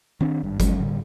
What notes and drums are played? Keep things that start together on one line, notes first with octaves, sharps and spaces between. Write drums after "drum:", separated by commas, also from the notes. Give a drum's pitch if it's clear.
D#3 C4 D4
G#1 G2
F3 F#3 G#3 C#4, drum: kick G1, hi-hat
A2 D3 G3